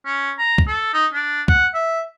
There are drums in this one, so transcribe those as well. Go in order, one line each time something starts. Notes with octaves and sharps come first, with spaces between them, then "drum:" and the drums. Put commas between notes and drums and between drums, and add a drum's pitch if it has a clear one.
C#4
A#5
drum: kick
A4
D#4
D4
F#5, drum: kick
E5